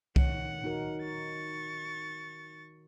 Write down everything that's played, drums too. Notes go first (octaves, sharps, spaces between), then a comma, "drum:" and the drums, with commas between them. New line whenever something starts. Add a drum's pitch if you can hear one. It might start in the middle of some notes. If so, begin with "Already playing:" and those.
D#3 C#5 F#5, drum: kick C2
D#4 F#4 A#4
C#6 A6